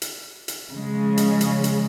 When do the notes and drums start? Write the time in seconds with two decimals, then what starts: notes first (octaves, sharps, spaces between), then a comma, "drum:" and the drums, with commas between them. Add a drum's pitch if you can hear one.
0.02 drum: hi-hat
0.48 drum: hi-hat
0.71 C#3 F3 G#3
1.17 drum: hi-hat
1.41 drum: hi-hat
1.64 drum: hi-hat